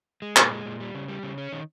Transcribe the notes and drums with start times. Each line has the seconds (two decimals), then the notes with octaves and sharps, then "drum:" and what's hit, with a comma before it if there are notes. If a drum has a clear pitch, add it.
0.22 G#3
0.36 A#2, drum: clap
0.51 G#3
0.66 A#2
0.80 G3
0.94 C#3
1.08 G3
1.23 C#3
1.38 C#4
1.52 D#3